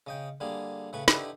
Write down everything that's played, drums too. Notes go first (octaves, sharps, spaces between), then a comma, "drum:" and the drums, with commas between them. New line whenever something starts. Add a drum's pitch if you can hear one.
C#3 D#5 G5
D3 G3 A#3 G#4
A2 C#3 B4 C#6
D3 D#4 E4 G4 B4, drum: snare